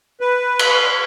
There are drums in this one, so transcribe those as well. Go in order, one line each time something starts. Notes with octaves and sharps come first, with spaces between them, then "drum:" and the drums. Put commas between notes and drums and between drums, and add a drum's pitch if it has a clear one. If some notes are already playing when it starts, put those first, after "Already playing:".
B4
drum: cymbal